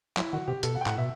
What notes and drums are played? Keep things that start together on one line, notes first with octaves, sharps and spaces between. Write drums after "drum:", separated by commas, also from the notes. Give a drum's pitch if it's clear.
F#3 E4, drum: clap
D#3 F#4
C3 G4
B2 A4, drum: hi-hat
F#5
G5
A2 F#5, drum: clap
B2 E5